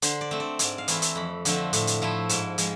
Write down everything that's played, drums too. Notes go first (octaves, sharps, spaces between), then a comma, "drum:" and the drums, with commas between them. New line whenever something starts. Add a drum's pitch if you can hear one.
D3 C5, drum: hi-hat
D5
A3 C4
D5
G#2 D5, drum: hi-hat
F5
E3 A3 C4 E4, drum: hi-hat
drum: hi-hat
F2 B5
D3 F3 A3 C4, drum: hi-hat
A2, drum: hi-hat
drum: hi-hat
F3 A3 E4
G#2 A5, drum: hi-hat
F3 G#3, drum: hi-hat